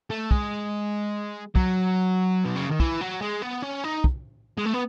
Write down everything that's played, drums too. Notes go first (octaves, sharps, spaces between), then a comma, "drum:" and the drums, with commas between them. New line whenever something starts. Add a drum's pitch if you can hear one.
A3
G#3, drum: kick
F#3, drum: kick
B2
C#3
D#3
E3, drum: kick
F#3
G#3
B3
C#4
D#4
drum: kick
G#3
A3
B3